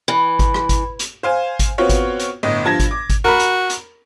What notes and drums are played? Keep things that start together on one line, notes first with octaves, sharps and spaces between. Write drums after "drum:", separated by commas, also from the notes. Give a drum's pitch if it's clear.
E3
drum: kick G#1, hi-hat
drum: rim click
drum: kick G#1, hi-hat
drum: hi-hat
C5 F5 G#5
drum: kick G#1, hi-hat
B3 C4 F4 F#4 C#5
drum: kick G#1, hi-hat
drum: hi-hat
G1 A2 D#5
G2 F3 A5 G#6 A#6
drum: kick G#1, hi-hat
D6
drum: kick G#1, hi-hat
F#4 A#4 B5
drum: hi-hat
drum: hi-hat